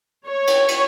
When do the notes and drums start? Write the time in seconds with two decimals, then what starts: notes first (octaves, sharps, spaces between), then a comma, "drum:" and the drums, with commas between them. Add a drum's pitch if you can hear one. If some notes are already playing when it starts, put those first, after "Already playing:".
0.26 C#5
0.47 drum: cymbal
0.68 drum: cymbal